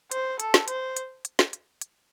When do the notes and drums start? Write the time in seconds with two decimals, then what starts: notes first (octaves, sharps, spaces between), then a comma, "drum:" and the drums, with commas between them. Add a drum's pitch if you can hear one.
0.11 C5, drum: hi-hat
0.40 A4, drum: hi-hat
0.54 drum: snare
0.68 C5, drum: hi-hat
0.96 drum: hi-hat
1.25 drum: hi-hat
1.39 drum: snare
1.53 drum: hi-hat
1.81 drum: hi-hat